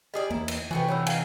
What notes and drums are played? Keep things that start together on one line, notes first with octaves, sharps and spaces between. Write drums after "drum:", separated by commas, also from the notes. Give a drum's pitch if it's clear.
G3 G#4 D5 D#5 D#6
E2 A#3 E4
drum: cymbal
C3 E3 A3 B3 F#4 G5 G#5
D#3 F3 F#3 C#5 B5 E6
F5 G#5, drum: cymbal